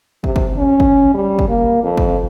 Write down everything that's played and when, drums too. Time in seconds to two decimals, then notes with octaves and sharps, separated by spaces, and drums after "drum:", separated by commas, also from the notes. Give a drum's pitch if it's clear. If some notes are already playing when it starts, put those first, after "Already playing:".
0.24 C3, drum: kick
0.36 drum: kick
0.57 C#4
0.80 drum: kick
1.14 G3
1.39 drum: kick
1.49 A#3
1.83 F2
1.97 drum: kick